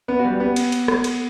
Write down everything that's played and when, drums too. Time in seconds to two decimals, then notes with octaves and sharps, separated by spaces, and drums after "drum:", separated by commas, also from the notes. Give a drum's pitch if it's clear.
0.08 B3 B4
0.19 F#4
0.24 G3 G4
0.40 B3 B4
0.56 drum: cymbal
0.72 drum: cymbal
0.88 drum: rim click
1.04 drum: cymbal